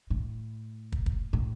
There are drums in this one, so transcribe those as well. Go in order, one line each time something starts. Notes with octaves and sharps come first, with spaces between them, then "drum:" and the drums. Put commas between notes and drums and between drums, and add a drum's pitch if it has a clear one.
A2
drum: kick
drum: kick
A2